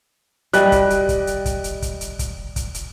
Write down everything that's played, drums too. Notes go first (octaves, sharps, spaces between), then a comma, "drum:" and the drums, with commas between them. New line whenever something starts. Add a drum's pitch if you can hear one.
G3 D#5 G5 F#6, drum: hi-hat
drum: kick, hi-hat
drum: hi-hat
drum: kick, hi-hat
drum: hi-hat
drum: kick, hi-hat
drum: hi-hat
drum: kick, hi-hat
drum: hi-hat
drum: kick, hi-hat
drum: kick, hi-hat
drum: hi-hat